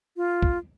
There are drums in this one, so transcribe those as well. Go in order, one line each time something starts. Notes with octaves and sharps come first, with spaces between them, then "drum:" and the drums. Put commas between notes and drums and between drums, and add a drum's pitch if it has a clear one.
F4
drum: kick